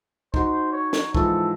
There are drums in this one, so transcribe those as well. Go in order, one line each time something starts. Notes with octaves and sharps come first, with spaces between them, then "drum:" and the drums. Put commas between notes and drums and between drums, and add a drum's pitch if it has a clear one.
D#4 F#4 C5, drum: kick
C#5
drum: snare
G#2 E3 F3 A4, drum: kick